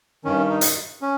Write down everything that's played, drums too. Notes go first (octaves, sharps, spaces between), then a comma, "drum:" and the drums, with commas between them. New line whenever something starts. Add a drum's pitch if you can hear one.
G2 D#3 C#4
D#4
drum: hi-hat
C#4